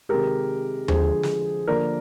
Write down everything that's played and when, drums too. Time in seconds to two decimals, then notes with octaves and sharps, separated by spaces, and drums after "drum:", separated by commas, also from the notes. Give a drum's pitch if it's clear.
0.09 C3 D#3 G#3 G4 A#4
0.88 D3 F3 G#3 G#4 C5, drum: tom D#2
1.23 drum: snare
1.67 D3 F3 A#3 A#4 D5